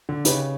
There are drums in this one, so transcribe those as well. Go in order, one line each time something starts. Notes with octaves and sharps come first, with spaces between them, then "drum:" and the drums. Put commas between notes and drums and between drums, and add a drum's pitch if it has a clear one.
D3
C#3 D#4 G4 B4 D#5, drum: hi-hat